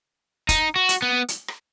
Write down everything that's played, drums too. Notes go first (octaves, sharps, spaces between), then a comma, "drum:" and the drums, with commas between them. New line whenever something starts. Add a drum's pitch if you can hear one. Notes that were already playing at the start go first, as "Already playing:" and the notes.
D#4, drum: kick E1, hi-hat
F#4
drum: hi-hat
B3
drum: hi-hat
drum: rim click